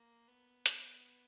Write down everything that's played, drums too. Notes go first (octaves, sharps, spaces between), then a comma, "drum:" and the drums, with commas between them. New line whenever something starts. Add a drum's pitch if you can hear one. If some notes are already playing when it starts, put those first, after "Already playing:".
Already playing: A#3
B3
drum: hi-hat